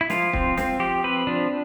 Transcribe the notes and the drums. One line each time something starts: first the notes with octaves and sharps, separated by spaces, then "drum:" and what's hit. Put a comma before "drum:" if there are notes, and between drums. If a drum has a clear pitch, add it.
E4
F3 F4, drum: snare
C4, drum: kick
C4, drum: snare
F3 G4
C4 B4
F3 D4